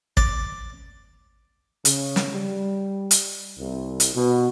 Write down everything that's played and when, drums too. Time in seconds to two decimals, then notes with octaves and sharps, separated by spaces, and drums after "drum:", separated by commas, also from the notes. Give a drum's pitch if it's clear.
0.17 D5, drum: kick
1.85 C#3, drum: hi-hat
2.16 drum: snare
2.33 G3
3.11 drum: hi-hat
3.58 C2
4.00 drum: hi-hat
4.14 B2